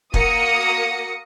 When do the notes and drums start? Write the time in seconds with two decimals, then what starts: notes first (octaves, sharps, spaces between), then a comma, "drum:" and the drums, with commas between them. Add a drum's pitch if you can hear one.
0.14 A#3 F#4 D#6 A#6 C#7, drum: kick